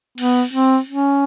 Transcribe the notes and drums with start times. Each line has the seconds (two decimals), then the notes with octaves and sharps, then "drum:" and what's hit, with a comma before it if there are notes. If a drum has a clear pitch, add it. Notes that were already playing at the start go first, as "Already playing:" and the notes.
0.18 B3, drum: cymbal
0.54 C4
0.89 C#4